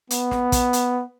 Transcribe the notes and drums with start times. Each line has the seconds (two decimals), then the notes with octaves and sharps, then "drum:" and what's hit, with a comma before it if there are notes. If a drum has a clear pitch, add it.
0.10 B3, drum: hi-hat
0.31 drum: snare
0.52 drum: kick, hi-hat
0.73 drum: hi-hat